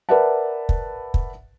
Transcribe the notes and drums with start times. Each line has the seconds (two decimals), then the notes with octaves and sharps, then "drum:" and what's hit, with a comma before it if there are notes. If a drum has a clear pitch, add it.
0.09 A#4 B4 D5 E5 F#5 A5
0.69 drum: kick
1.14 drum: kick